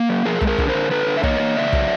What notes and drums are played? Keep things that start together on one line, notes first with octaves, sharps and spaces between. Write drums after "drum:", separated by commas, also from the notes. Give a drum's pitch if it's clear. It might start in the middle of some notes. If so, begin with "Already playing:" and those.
Already playing: A#3
F#3
F3 G#4 A#4
G#3, drum: kick
G#4 A#4
D3, drum: kick
A#4 C5
D3
D3 A4 B4
D3
E5
A#3 C#5 D#5, drum: kick
A#3
C#3 D5 E5
F#3, drum: kick